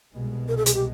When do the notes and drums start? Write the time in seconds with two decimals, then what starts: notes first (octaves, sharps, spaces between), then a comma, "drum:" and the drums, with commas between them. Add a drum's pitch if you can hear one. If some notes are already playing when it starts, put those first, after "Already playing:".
0.14 C2 B2 G#3
0.48 A#4
0.57 A4
0.66 G#4, drum: hi-hat
0.74 G4